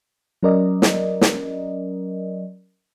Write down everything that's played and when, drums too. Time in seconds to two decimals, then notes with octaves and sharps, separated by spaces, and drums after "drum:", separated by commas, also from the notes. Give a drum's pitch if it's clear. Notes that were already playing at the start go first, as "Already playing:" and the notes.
0.43 F#3 C#4 A#4 D5 D#5
0.82 drum: snare
1.21 drum: snare